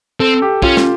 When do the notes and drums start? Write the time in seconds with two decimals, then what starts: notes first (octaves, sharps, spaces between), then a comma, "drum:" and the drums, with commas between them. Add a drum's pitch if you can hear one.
0.20 C4 A4
0.42 G4
0.62 C#4 F4, drum: kick
0.77 drum: snare